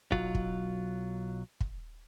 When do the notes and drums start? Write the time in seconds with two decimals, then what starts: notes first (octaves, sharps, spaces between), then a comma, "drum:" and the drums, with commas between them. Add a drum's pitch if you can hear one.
0.12 B1 F#3 F4, drum: kick
0.35 drum: kick
1.61 drum: kick